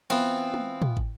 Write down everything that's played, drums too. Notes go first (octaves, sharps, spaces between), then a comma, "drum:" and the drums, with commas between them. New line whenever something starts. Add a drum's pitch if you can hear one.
E3 B3 C4 F4
drum: tom
drum: tom
drum: kick